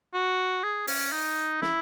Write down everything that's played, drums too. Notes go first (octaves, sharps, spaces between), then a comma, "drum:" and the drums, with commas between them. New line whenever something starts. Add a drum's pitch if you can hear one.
F#4
G#4
C#4, drum: open hi-hat
D#4
E4, drum: snare